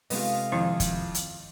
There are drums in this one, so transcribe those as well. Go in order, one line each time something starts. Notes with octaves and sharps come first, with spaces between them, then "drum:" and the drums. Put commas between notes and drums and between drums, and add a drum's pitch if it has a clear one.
C3 G#3 A3 B3 F4 B4 D#5, drum: open hi-hat
F2 D#3 F3 E4
drum: kick, hi-hat
drum: hi-hat